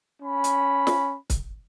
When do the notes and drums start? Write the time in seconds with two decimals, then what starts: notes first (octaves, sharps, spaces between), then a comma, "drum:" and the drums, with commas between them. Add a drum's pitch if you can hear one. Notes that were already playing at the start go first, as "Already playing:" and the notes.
0.22 C#4 B5
0.44 drum: hi-hat
0.87 drum: snare
1.30 drum: kick, hi-hat